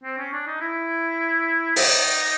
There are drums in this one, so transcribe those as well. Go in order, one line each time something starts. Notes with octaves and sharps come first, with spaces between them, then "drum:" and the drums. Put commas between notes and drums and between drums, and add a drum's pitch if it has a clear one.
C4
C#4
D4
D#4
E4
D#4, drum: open hi-hat